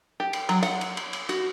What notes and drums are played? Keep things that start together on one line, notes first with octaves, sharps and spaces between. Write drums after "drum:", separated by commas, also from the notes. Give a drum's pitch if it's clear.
G4
drum: cymbal
F#3, drum: cymbal
F#5, drum: cymbal
drum: cymbal
drum: cymbal
drum: cymbal
F#4, drum: cymbal